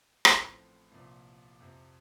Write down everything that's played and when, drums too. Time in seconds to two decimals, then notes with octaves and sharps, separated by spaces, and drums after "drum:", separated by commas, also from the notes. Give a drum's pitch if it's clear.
0.25 A1 A2 F3 A3 C4, drum: rim click
0.92 C2 A#2 F3
1.60 F2 C3 F3